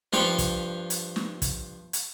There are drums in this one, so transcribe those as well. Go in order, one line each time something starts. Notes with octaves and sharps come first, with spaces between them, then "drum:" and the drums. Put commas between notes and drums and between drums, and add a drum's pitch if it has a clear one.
G2 F3 F4 B4 G5 C#6, drum: snare
drum: kick, hi-hat
drum: hi-hat
drum: snare
drum: kick, hi-hat
drum: hi-hat